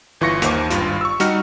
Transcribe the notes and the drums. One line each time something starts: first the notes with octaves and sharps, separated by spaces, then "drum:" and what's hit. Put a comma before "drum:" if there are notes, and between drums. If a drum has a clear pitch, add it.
G1 E3 F4 C#6 A#6 C#7
D#2 D#3 C5 D6, drum: hi-hat
G#1 G2 F4, drum: hi-hat
C#6 E6
G3 D#4 F#4 F6 C#7, drum: hi-hat